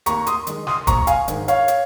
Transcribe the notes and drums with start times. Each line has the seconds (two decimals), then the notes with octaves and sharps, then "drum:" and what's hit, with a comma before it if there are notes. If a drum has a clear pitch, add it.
0.06 D#2 A#5 C#6, drum: hi-hat
0.27 C6 D#6, drum: hi-hat
0.47 D#3 G#3, drum: hi-hat
0.67 C6 D#6, drum: snare
0.87 A#1 A#5 C#6, drum: kick, hi-hat
1.07 F5 G#5, drum: hi-hat
1.28 G#2 D#3 G#3, drum: hi-hat
1.48 C#5 F5, drum: hi-hat
1.68 drum: hi-hat